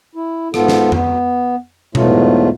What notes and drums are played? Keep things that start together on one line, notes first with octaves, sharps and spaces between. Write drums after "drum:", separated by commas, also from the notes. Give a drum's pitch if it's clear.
E4
G#2 B3 F4 A4, drum: rim click
drum: snare
B3, drum: tom F2
E2 G#2 B2 F#3 A3 F4, drum: tom B2